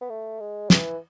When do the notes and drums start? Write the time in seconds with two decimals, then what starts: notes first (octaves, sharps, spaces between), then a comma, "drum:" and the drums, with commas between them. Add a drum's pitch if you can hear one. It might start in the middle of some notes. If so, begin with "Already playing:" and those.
0.01 B3
0.10 A3
0.40 G#3
0.70 E3, drum: snare